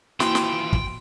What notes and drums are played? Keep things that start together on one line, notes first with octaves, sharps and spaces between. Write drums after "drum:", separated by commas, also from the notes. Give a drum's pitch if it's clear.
E3 F3 A#3 E4 F#4 G5 C6, drum: snare
drum: snare
drum: kick